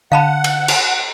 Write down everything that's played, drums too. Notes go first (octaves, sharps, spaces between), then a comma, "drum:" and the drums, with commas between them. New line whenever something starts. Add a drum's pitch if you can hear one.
D3 F5 F#5 A5 B5
drum: cymbal
drum: cymbal